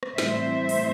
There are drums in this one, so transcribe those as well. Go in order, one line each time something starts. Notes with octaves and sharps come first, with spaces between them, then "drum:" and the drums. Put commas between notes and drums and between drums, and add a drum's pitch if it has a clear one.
drum: rim click
A2 E3 G3 C4 C5 E5, drum: snare
drum: open hi-hat